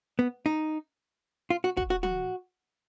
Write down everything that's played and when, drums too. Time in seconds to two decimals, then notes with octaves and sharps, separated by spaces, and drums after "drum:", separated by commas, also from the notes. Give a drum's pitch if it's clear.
0.19 B3
0.46 D#4
1.50 F4
1.64 F#4
1.77 F#4, drum: kick
1.90 F#4
2.03 F#4, drum: tom F3